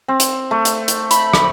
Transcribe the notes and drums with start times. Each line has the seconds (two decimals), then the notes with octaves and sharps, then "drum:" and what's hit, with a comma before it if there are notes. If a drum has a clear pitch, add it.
0.08 C4
0.20 drum: hi-hat
0.51 A3
0.65 drum: hi-hat
0.88 drum: hi-hat
1.11 B5, drum: hi-hat
1.34 drum: rim click